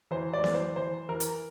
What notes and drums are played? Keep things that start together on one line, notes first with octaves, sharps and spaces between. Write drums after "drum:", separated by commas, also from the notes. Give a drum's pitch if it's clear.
E3 C5
D5
E3, drum: snare B3
C5
E3 C5
E3 A#4
drum: hi-hat